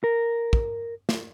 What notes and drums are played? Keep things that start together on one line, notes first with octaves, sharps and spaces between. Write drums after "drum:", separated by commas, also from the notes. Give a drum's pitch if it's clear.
A#4
drum: kick
drum: snare